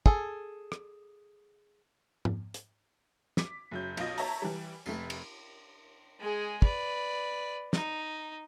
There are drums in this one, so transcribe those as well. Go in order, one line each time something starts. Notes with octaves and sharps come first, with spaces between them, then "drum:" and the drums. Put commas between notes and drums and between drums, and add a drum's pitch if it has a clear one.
G#4 A4, drum: kick
drum: rim click
drum: tom
drum: hi-hat
D6 B6, drum: snare
F#1 F#3 G6
B1 F4 D#5, drum: cymbal
C#5 E5 A5 A#5, drum: open hi-hat
E3 G3
F1 A3, drum: tambourine
drum: cymbal
G#3 G#4
B4 D5, drum: kick
D#4, drum: snare